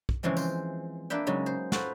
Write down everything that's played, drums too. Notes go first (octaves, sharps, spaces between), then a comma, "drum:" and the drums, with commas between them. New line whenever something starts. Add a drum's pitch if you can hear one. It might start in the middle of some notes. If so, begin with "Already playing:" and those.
drum: kick
C#3 E3 F3 G#3 C4
C5, drum: tambourine
A#3 D4 B4 E5 G5
C#3 F#3 G#3 D#4
C5
F4 F#4 A4 B4 C5, drum: snare